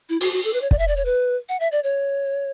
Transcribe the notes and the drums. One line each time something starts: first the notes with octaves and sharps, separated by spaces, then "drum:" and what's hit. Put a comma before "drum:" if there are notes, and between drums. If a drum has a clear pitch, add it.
E4
F#4, drum: open hi-hat
F#4
A4
B4
C#5
D5, drum: kick
E5
D5
C#5
B4
F#5
E5
D5
C#5